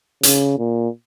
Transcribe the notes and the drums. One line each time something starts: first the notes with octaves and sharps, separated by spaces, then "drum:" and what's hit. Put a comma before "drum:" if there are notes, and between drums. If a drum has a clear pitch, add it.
C#3, drum: hi-hat
A#2